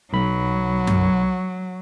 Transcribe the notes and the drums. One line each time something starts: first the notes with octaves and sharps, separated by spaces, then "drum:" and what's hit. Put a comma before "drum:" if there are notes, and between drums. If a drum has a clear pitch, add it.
B1 F#3 B5
drum: tom F#2